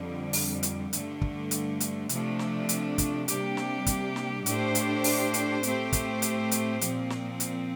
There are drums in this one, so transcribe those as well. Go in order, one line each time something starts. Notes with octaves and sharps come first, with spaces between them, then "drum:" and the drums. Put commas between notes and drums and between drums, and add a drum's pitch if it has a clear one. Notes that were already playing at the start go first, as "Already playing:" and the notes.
Already playing: F2 D3 G3
drum: open hi-hat
drum: hi-hat
G2 D3 A3, drum: hi-hat
drum: kick
drum: hi-hat
drum: hi-hat
C3 F3 A3 D4, drum: hi-hat
drum: snare
drum: hi-hat
drum: kick, hi-hat
C3 G3 A#3 D4 G4, drum: hi-hat
drum: snare
drum: kick, hi-hat
drum: snare
A2 A3 D4 G4 C5, drum: hi-hat
drum: hi-hat
drum: open hi-hat
drum: hi-hat
A2 A3 C4 G4 C5, drum: hi-hat
drum: kick, hi-hat
drum: hi-hat
drum: hi-hat
A#2 F3 C4, drum: hi-hat
drum: snare
drum: hi-hat